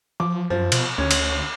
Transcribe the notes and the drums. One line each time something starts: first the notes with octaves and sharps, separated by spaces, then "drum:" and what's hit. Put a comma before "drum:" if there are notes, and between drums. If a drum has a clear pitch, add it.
F3 D6
F#2 F3
B2, drum: cymbal
D2 C#4
drum: cymbal